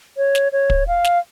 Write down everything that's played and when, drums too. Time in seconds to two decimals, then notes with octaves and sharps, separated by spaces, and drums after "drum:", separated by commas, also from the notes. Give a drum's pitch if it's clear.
0.17 C#5
0.35 drum: snare
0.52 C#5
0.70 drum: kick
0.87 F5
1.04 drum: snare